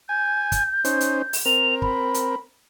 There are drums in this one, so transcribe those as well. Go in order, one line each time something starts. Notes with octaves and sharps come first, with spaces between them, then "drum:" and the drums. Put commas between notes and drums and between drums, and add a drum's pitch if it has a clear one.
G#5 G6
drum: kick, hi-hat
C#4 D#4 C5, drum: hi-hat
drum: hi-hat
drum: open hi-hat
C4 A#4 F7
B5, drum: kick
drum: hi-hat